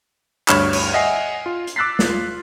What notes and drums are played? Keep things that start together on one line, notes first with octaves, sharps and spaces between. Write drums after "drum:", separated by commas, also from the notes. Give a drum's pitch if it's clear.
D2 G2 C#5 B5 F6 E7, drum: clap
drum: cymbal
D#5 E5 F#5 G#5 C7
F4
drum: hi-hat
D6 E6 F#6 A6 B6 C7
drum: snare
F4